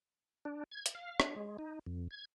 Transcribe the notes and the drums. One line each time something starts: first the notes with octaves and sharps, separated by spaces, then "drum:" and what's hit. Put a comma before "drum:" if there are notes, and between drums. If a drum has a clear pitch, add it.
D4
G#6
drum: hi-hat
F5
D4, drum: rim click
G#3
D#4
F2
G#6